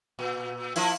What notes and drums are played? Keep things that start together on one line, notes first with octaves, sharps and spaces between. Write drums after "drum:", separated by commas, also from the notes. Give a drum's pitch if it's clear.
A#2
F3 A#3 E4, drum: open hi-hat